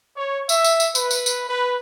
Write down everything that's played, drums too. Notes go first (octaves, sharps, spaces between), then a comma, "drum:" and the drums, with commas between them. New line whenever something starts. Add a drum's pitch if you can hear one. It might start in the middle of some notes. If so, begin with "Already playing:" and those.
C#5
E5, drum: tambourine
drum: tambourine
drum: tambourine
B4, drum: tambourine
drum: tambourine
drum: tambourine
B4